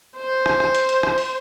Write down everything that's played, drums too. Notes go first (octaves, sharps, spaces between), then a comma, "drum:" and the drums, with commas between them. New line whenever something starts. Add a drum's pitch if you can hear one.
C5
drum: rim click
drum: rim click
drum: hi-hat
drum: hi-hat
drum: rim click
drum: open hi-hat